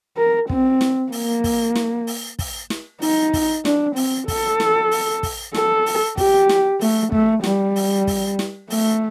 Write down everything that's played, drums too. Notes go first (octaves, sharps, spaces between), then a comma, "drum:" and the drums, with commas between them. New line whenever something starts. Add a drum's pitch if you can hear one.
A#4
C4, drum: kick
drum: snare
A#3, drum: open hi-hat
drum: kick, open hi-hat
drum: snare
drum: open hi-hat
drum: kick, open hi-hat
drum: snare
D#4, drum: open hi-hat
drum: kick, open hi-hat
D4, drum: snare
C4, drum: open hi-hat
A4, drum: kick, open hi-hat
drum: snare
drum: open hi-hat
drum: kick, open hi-hat
A4, drum: snare
drum: open hi-hat
G4, drum: kick, open hi-hat
drum: snare
A3, drum: open hi-hat
A3, drum: kick
G3, drum: snare
drum: open hi-hat
drum: kick, open hi-hat
drum: snare
A3, drum: open hi-hat